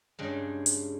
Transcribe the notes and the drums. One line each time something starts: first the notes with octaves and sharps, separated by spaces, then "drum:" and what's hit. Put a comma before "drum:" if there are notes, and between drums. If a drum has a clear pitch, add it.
G2 C#3 G3 G#3
drum: hi-hat